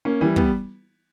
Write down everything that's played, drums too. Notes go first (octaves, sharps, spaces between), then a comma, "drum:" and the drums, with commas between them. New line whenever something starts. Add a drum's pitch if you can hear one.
A#3 C#4
E3 G3
G3 B3, drum: kick